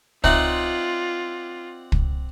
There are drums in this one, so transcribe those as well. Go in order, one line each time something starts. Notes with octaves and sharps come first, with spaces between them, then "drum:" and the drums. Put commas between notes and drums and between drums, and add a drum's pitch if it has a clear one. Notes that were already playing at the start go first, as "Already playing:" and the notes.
C4 D#4 F4 C#5 D5 E5 F#5, drum: kick
drum: kick